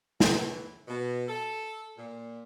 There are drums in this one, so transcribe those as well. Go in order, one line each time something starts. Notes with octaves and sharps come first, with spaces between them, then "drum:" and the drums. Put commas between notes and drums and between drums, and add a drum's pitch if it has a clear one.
E3, drum: snare
B2
A4
A#2